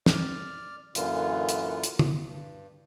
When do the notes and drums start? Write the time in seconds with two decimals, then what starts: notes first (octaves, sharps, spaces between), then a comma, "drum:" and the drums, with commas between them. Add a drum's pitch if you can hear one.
0.06 D5 F6, drum: snare
0.95 F#2 A#2 D3 E3 F4, drum: hi-hat
1.49 drum: hi-hat
1.84 drum: hi-hat
1.99 drum: tom
2.28 G2